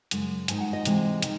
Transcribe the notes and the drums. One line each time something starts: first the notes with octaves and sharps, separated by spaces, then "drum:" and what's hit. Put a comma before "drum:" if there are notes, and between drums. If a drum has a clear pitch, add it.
F#2 C#3 G#3, drum: hi-hat
G#2 D#3 G#3 G#5, drum: hi-hat
F#5
D#5
C3 E3 G#3, drum: hi-hat
D#3, drum: hi-hat